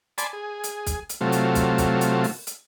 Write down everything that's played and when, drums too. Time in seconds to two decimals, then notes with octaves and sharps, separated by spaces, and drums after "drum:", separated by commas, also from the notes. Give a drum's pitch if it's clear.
0.18 D5 G#5 A5 B5 C6, drum: hi-hat
0.33 G#4
0.64 drum: hi-hat
0.86 drum: kick, hi-hat
1.09 drum: hi-hat
1.21 C3 F#3 A3 F4
1.32 drum: hi-hat
1.55 drum: kick, hi-hat
1.78 drum: kick, hi-hat
2.01 drum: hi-hat
2.24 drum: open hi-hat
2.47 drum: hi-hat